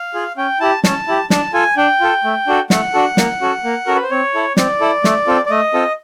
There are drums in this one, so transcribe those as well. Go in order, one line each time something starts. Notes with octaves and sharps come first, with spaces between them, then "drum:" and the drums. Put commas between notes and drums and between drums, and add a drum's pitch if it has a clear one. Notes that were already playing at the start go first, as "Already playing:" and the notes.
Already playing: F5
F4 G#4
C#4 G5
E4 G4 A5
C#4 A5, drum: snare
E4 G4
D4 A5, drum: snare
F4 A4 G#5
D4 G5
F4 A4
A3
D4 F#4 A4
A3 F#5, drum: snare
D4 F#4 A4
A#3, drum: snare
C#4 F#4 A4
A#3
C#4 F#4 A4 A#4
B4
C5
C4 C#5
E4 A4
C4 D5, drum: snare
E4 A4
A3, drum: snare
C4 F4 A4
D5
A3 D#5
C4 F4 A4